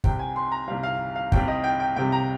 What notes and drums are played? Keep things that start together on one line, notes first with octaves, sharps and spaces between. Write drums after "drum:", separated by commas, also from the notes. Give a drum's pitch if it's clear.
C2 C3 G3 G5, drum: kick
G#5
C6
A#5
C2 C3 G3 F5
F5
F5
C2 C3 G3 G5, drum: kick
D#5
G5
G5
C2 C3 G3 G5
A#5